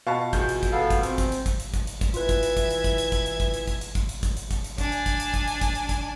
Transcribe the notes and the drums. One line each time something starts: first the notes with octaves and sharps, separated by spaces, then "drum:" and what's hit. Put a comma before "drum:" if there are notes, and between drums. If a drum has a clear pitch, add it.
B2 F4 F#4 B4 F5 A5 C#6
E2 G6, drum: kick, hi-hat
drum: hi-hat
drum: kick, hi-hat
B3 A4 F5
drum: kick, hi-hat
C4, drum: hi-hat
drum: kick, hi-hat
drum: hi-hat
drum: kick, hi-hat
drum: hi-hat
drum: kick, hi-hat
drum: hi-hat
drum: kick, hi-hat
E3 F4 B4 E5 G#6, drum: hi-hat
drum: kick, hi-hat
drum: hi-hat
drum: kick, hi-hat
drum: hi-hat
drum: kick, hi-hat
drum: hi-hat
drum: kick, hi-hat
drum: hi-hat
drum: kick, hi-hat
drum: hi-hat
drum: kick, hi-hat
drum: hi-hat
drum: kick, hi-hat
drum: hi-hat
drum: kick, hi-hat
drum: hi-hat
drum: kick, hi-hat
drum: hi-hat
D4 G#5, drum: kick, hi-hat
drum: hi-hat
drum: kick, hi-hat
drum: hi-hat
drum: kick, hi-hat
drum: hi-hat
drum: kick, hi-hat
drum: hi-hat
drum: kick, hi-hat